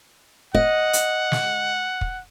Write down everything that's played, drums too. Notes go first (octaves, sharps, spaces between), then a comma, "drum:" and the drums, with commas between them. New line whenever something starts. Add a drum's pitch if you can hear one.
D#5 F#5, drum: kick
drum: hi-hat
drum: snare
drum: kick